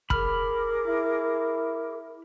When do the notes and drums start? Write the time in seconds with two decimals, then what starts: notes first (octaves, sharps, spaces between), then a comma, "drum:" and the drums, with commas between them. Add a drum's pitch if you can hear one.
0.10 G#4 A#4 B5 D6 F6, drum: kick
0.87 E4